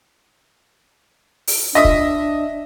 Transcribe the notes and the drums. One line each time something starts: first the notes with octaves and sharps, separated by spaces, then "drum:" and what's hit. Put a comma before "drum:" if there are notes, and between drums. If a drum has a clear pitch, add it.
drum: open hi-hat
D4 D#5 E5 D#6
drum: kick